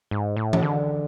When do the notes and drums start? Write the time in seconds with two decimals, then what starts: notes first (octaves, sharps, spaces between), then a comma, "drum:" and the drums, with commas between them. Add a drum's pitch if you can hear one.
0.11 G#2
0.37 A2
0.53 drum: tom E3
0.62 D3